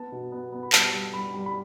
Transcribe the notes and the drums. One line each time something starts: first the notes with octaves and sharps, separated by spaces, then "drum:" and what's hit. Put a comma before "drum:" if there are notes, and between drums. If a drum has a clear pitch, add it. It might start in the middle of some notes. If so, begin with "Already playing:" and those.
Already playing: B3 A5
B2
B3
B3
B5
G3 A5, drum: clap
G3
G3 B5
G3
B5